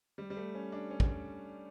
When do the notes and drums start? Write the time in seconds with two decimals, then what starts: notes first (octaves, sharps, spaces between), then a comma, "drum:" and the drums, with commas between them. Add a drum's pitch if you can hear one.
0.18 G3
0.30 G3
0.37 A3
0.54 C#4
0.72 D4
0.90 C#4
1.00 drum: kick